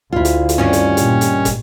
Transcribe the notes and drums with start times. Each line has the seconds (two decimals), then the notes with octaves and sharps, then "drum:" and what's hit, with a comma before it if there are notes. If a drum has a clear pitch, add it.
0.13 D2 E4 F4
0.25 drum: hi-hat
0.49 drum: hi-hat
0.58 G2 D#3 C4 C#4
0.73 drum: hi-hat
0.97 A#2, drum: hi-hat
1.21 drum: hi-hat
1.45 drum: kick, hi-hat